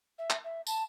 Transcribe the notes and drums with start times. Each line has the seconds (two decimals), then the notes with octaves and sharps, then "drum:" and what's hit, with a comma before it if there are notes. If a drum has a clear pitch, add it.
0.18 E5
0.30 drum: clap
0.44 E5
0.67 A5, drum: tambourine